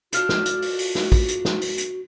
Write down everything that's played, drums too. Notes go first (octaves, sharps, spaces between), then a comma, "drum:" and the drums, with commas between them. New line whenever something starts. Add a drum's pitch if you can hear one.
D4 F4 F#4 A4, drum: hi-hat
drum: snare
drum: hi-hat
drum: open hi-hat
drum: open hi-hat
drum: snare
drum: kick, open hi-hat
drum: hi-hat
drum: snare
drum: open hi-hat
drum: hi-hat